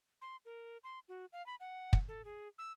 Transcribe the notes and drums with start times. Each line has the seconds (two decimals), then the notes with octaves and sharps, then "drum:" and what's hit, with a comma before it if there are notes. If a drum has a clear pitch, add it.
0.22 C6
0.45 A#4
0.84 C6
1.09 F#4
1.33 F5
1.46 B5
1.60 F#5
1.93 drum: kick
2.08 A4
2.25 G#4
2.58 E6